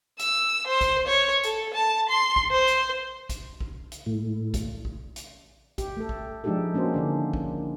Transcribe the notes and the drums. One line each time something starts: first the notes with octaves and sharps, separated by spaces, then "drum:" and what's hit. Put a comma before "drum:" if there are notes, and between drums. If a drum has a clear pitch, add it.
E6, drum: hi-hat
C5
drum: kick A#1, hi-hat
C#5
A4, drum: hi-hat
A5
C6
drum: kick A#1
C5
drum: hi-hat
drum: kick A#1, hi-hat
drum: kick A#1
drum: hi-hat
A2
drum: kick A#1, hi-hat
drum: kick A#1
drum: hi-hat
G4, drum: kick A#1, hi-hat
A3 A4
drum: kick A#1
F3 G#3 D4 D#4 G4 A4
A#3 C#4 D4 F#4 C5
D3 D#3 D4
drum: kick A#1